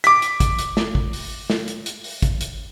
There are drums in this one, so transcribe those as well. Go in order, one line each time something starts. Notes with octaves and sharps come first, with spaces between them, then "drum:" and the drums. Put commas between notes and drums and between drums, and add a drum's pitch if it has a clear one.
D6 B6, drum: hi-hat
drum: hi-hat
drum: kick, hi-hat
drum: hi-hat
drum: snare
drum: kick
drum: open hi-hat
drum: snare
drum: hi-hat
drum: hi-hat
drum: open hi-hat
drum: kick, hi-hat
drum: hi-hat